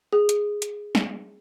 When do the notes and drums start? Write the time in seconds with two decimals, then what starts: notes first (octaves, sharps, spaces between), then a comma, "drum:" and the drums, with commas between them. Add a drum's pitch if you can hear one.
0.13 G#4
0.29 drum: hi-hat
0.62 drum: hi-hat
0.95 drum: snare